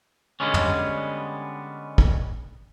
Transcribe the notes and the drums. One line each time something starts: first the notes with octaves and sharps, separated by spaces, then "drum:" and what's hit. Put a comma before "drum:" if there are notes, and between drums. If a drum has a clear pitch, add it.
D3 G3 G#3 B3 C#4
drum: tom
drum: kick